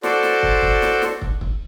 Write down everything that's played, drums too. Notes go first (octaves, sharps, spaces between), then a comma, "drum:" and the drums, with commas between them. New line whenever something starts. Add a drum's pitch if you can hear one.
F#4 A4 C5 D5, drum: snare
drum: snare
drum: kick
drum: kick
drum: snare
drum: snare
drum: kick
drum: kick